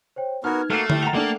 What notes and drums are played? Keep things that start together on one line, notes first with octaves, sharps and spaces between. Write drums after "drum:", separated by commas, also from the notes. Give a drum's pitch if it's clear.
C5 C#5 G5
B3 D#4 F#4 A#4 B4 F6 G#6
A3 A#3 F#4 A4 F6 C7
E4 G4, drum: tom D3
F#5 G5 A#5 E7 F7
A3 A#3 D4 D5 A5